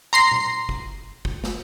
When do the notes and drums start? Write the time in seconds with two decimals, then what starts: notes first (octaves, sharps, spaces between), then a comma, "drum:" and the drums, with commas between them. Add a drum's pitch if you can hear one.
0.13 A#5 C6 C7
0.31 drum: tom A#2
0.69 drum: kick
1.25 drum: kick
1.44 drum: snare